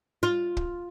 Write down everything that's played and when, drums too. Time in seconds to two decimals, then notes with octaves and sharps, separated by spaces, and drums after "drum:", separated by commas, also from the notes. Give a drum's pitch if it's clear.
0.23 F4
0.57 drum: kick